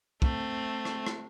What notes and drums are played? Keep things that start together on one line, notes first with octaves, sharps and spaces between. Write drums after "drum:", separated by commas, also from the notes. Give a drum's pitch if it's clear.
A3 C4, drum: kick
drum: rim click
drum: rim click